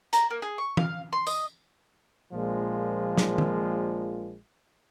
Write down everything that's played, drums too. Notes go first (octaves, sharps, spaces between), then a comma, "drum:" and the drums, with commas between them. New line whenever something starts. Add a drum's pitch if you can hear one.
A#5, drum: hi-hat
A#3
G#4
C#6
F5, drum: tom
C6
D#5, drum: tambourine
A#1 A#2 F3 G#3
drum: snare
drum: tom D#3